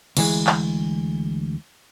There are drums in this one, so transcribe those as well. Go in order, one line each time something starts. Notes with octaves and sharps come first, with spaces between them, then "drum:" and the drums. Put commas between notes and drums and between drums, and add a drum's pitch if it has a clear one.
D2 E3 G#3, drum: cymbal
drum: clap